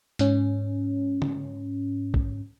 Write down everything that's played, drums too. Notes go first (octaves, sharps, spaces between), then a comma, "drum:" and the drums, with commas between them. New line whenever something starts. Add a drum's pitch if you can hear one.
G#2 C#4, drum: hi-hat
drum: tom
drum: kick